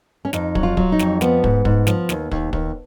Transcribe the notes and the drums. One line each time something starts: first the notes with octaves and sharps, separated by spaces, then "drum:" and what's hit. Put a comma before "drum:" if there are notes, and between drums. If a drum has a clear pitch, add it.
C#4
F2 D#4, drum: snare
F#3, drum: kick
F4
F#3, drum: kick
D#4
F2, drum: snare
F3 B3, drum: snare
G#2, drum: kick
G#2, drum: kick
F3, drum: snare
D#2, drum: snare
D#2, drum: kick
D#2, drum: kick